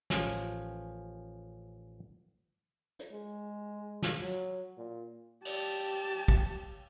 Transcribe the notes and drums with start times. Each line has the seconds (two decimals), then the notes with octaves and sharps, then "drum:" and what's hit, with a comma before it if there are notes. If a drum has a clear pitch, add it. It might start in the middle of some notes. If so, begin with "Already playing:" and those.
0.10 A1 F3 C#4, drum: snare
2.99 drum: hi-hat
3.12 G#3
4.03 drum: snare
4.22 F#3
4.77 A#2
5.45 G4 A5, drum: cymbal
6.28 drum: kick